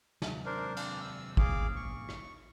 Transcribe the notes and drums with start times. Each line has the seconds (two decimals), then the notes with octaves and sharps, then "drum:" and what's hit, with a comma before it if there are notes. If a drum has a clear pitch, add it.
0.22 C3 F#3 G#3, drum: snare
0.46 D4 A#4 C5
0.77 D4 F6, drum: cymbal
1.00 E6
1.37 G1 A#2 G#4 F5 D6, drum: kick
1.76 C#6
2.09 drum: rim click